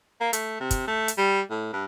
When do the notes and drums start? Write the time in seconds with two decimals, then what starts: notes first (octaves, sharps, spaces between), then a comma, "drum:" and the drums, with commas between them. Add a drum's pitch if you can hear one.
0.21 A#3
0.33 A3, drum: hi-hat
0.60 C3
0.71 drum: kick, hi-hat
0.88 A3
1.08 drum: hi-hat
1.18 G3
1.50 A2
1.73 G2